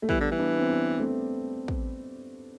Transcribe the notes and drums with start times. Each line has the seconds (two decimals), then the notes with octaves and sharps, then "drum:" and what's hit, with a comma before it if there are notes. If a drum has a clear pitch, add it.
0.02 A3
0.09 E3 G3 B3, drum: kick
0.20 D3
0.31 E3
0.39 B3 D4
0.59 C4
0.69 B3 D4
0.99 A3 C4
1.68 drum: kick